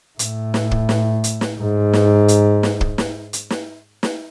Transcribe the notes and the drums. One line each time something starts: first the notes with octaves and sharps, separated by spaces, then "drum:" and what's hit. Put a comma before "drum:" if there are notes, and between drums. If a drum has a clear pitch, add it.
A2, drum: hi-hat
drum: snare
drum: kick
drum: snare
drum: hi-hat
drum: snare
G#2
drum: snare
drum: hi-hat
drum: snare
drum: kick
drum: snare
drum: hi-hat
drum: snare
drum: snare